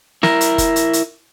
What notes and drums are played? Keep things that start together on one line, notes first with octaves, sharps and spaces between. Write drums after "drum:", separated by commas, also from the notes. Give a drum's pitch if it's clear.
E4 A#4, drum: snare
drum: hi-hat
drum: kick F1, hi-hat
drum: hi-hat
drum: hi-hat